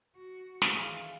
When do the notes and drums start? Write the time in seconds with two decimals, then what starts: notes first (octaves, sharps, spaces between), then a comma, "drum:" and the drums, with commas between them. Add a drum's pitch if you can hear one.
0.16 F#4
0.62 drum: snare
0.75 D#3 E3 F4 G#4 A4 F5